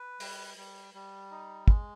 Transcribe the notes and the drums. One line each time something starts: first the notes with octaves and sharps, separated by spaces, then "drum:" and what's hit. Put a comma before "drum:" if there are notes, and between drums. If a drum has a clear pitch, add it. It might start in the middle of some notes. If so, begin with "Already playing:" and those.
Already playing: B4
G3, drum: open hi-hat
G3
G3
D#4
G#3, drum: kick